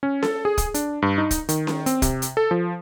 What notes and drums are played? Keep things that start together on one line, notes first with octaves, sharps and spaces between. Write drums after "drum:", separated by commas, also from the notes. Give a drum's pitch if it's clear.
C#4
A4, drum: snare C#4
G#4
drum: kick, hi-hat
D4, drum: hi-hat
G2
D#4
drum: kick, hi-hat
D#3, drum: hi-hat
drum: snare C#4
C4, drum: hi-hat
C3, drum: kick, hi-hat
drum: hi-hat
A4
F3